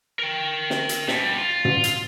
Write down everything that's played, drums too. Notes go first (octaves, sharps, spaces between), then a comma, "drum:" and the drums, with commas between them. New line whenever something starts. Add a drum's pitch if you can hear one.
A#4 G5
drum: snare
drum: hi-hat
B2 G3, drum: snare
F4
drum: tom
drum: hi-hat